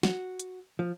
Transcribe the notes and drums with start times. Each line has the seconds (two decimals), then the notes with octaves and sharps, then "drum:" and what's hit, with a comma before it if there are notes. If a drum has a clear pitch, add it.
0.03 F#4, drum: snare
0.39 drum: hi-hat
0.79 F3